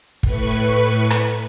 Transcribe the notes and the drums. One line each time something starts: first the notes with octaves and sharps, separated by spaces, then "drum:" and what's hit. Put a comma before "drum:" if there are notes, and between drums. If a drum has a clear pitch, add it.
A2 B4 C#6, drum: kick
drum: rim click